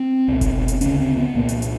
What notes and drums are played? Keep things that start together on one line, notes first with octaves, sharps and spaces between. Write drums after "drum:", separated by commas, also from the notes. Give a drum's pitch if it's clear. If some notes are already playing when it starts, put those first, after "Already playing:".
Already playing: C4
C2 B2
drum: kick F#1, hi-hat
drum: hi-hat
D2 C#3 C#4, drum: hi-hat
C4
B3
C2 A#2 A#3
drum: hi-hat
drum: hi-hat